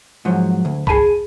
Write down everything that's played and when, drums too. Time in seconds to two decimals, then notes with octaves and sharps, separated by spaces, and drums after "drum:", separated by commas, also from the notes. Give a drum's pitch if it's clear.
0.25 G#2 F3 F#3
0.65 D2
0.87 G#4 G#5 A5 B5, drum: kick C2